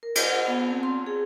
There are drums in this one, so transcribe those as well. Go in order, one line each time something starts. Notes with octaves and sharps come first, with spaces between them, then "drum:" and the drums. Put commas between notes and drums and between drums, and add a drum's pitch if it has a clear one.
A#4
D#5, drum: cymbal
F#5
B3
C4
C6
G#4